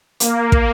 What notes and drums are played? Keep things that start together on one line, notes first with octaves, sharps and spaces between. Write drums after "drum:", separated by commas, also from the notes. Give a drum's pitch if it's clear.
A#3, drum: hi-hat
drum: kick